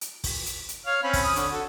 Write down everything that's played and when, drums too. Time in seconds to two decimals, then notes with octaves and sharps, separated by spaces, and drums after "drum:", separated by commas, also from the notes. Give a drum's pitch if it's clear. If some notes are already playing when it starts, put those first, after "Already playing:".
0.01 drum: hi-hat
0.24 drum: kick, open hi-hat
0.46 drum: hi-hat
0.69 drum: hi-hat
0.86 C#5 F5 F6
1.03 C4 C#4 B5
1.13 drum: kick, open hi-hat
1.24 D#6
1.36 D3 C#5, drum: hi-hat
1.52 F#4 A4